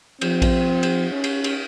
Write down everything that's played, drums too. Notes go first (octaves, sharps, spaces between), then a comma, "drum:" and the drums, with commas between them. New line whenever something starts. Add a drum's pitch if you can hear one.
F3 C4, drum: cymbal
drum: kick A#1, cymbal
drum: cymbal
C#4
drum: cymbal
drum: cymbal